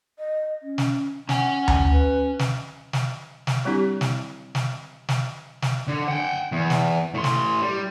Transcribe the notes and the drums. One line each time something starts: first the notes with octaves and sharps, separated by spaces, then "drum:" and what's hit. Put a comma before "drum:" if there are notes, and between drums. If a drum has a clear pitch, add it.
D#5
C#4
drum: snare
C#4 F#5 G#5, drum: snare
drum: tom D2
B4
drum: snare
drum: snare
drum: snare
G3 C4 D4 E4 G4
drum: snare
drum: snare
drum: snare
drum: snare
D3
F#5 G5
E2
drum: snare
A2 C6
drum: snare
G3